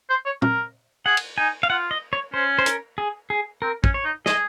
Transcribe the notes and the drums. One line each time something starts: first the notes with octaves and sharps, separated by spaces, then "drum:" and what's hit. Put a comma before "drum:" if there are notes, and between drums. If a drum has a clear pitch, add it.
C5
C#5
A#4, drum: tom
G#4 F#5
drum: cymbal
D#4 G#5
F5
F4 F#5
D#5
C#5
C#4 C5
C5
A#4, drum: hi-hat
G#4
G#4
C4 A#4
C#4, drum: kick
C#5
D#4
G#4 D#5, drum: snare